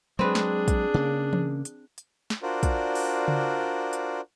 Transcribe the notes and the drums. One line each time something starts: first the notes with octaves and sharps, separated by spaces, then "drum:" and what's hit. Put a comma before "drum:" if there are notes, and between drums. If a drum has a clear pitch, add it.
F#3 G#3 C4 D4 G#4 B4
drum: snare
drum: kick, hi-hat
C#3 A#3
drum: tom E3
drum: hi-hat
drum: hi-hat
drum: snare
D4 F4 F#4 A#4 C5 D5
drum: kick, hi-hat
drum: open hi-hat
drum: tom C#3
drum: hi-hat